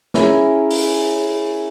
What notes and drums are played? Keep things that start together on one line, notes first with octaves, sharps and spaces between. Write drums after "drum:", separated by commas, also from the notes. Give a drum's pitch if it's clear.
C#4 E4 G#4 A#4, drum: snare
drum: open hi-hat